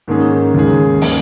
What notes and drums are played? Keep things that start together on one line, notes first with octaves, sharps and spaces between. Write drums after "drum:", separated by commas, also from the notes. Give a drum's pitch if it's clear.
G#2 D#3 A#3 C#4 G#4
D#2 D#3 G#3 C#4 G#4
C#3 E3 A#3, drum: open hi-hat